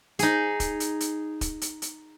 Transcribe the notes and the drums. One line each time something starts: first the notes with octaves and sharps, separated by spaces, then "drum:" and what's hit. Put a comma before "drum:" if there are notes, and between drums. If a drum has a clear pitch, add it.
D#4 G#4, drum: hi-hat
drum: kick, hi-hat
drum: hi-hat
drum: hi-hat
drum: kick, hi-hat
drum: hi-hat
drum: hi-hat